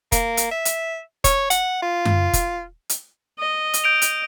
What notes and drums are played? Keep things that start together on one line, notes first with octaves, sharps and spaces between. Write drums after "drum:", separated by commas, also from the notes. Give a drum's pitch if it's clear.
A#3, drum: kick F1, hi-hat
drum: hi-hat
E5
drum: hi-hat
C#5, drum: kick F1, hi-hat
F#5, drum: hi-hat
F4
drum: tom F#2
drum: kick F1, hi-hat
drum: hi-hat
D#5
drum: hi-hat
G6 D7 F7
drum: hi-hat